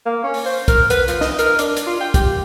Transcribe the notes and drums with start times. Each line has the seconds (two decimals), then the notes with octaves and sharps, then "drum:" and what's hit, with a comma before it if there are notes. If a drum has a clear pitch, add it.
0.06 A#3
0.24 C#4
0.34 drum: open hi-hat
0.46 C5
0.68 A#4, drum: kick, hi-hat
0.90 B4, drum: hi-hat
1.08 F3, drum: hi-hat
1.21 D#5, drum: snare
1.39 A#4, drum: hi-hat
1.59 D4, drum: hi-hat
1.77 drum: hi-hat
1.86 F4
2.00 G5
2.14 G4, drum: kick, hi-hat